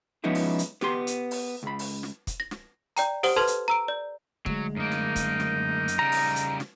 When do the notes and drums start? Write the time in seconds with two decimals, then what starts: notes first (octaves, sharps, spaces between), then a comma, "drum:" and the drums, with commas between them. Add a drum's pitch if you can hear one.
0.24 F3 G#3 B3 C#4 D#4 E4
0.35 drum: open hi-hat
0.59 drum: hi-hat
0.81 B3 G4 C6, drum: snare
1.07 drum: hi-hat
1.31 drum: open hi-hat
1.63 C#2 B5
1.79 drum: open hi-hat
2.03 drum: snare
2.27 drum: kick, hi-hat
2.40 A#6
2.51 drum: snare
2.97 D5 G5 A#5, drum: hi-hat
3.23 G4 C5 F#5 D#6 F#7 G7, drum: open hi-hat
3.36 A4 B4 A5 C6 F6 G#6
3.47 drum: hi-hat
3.68 A#5 E6 D7
3.88 D5
4.46 D2 F#3 G#3, drum: kick
4.77 F#2 A#3 D#4
4.92 drum: snare
5.16 drum: kick, hi-hat
5.40 drum: snare
5.88 drum: hi-hat
5.99 C#3 G3 A#5
6.12 drum: open hi-hat
6.36 drum: hi-hat
6.60 drum: snare